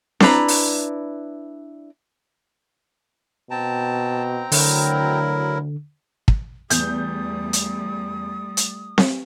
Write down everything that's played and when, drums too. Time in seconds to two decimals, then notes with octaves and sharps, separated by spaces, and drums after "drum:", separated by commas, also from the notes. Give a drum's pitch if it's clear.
0.20 D4 E4 B4 A#5, drum: snare C4
0.48 drum: open hi-hat
3.51 B2 C4 G5 A5 A#5
4.52 D2 D3 F#3 E4 A#4, drum: open hi-hat
6.28 drum: kick
6.70 E2 G3 A3 D#6 G6, drum: hi-hat
7.53 drum: hi-hat
8.57 drum: hi-hat
8.98 drum: snare C4